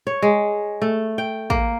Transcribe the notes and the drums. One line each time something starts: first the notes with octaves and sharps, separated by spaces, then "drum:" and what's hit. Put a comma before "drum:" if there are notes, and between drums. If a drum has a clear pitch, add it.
C#5
G#3
A3
G5
A#3, drum: kick A1